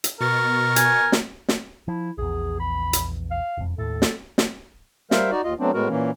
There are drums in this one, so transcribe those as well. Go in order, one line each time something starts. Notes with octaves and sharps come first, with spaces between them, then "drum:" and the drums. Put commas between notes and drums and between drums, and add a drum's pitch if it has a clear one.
drum: hi-hat
B2 A#4 C#6 A6
G#5, drum: hi-hat
drum: snare
drum: snare
F3 E4
A#1 E2 G#4
B5
drum: hi-hat
F5
E1 F2
D#2 A2 A4
drum: snare
drum: snare
G3 A#4 C5 E5 F5, drum: snare
D#4 F#4 D5
D#2 F4 D#5
F#3 A3 B3 C4 D4
A2 G#3 B3 F#4 A#4
A#2 E3 A#3 C#4